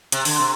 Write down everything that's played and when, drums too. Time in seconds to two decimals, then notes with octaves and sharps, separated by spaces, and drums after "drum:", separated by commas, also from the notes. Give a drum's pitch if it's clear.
0.12 C3, drum: hi-hat
0.25 D3, drum: open hi-hat
0.39 C3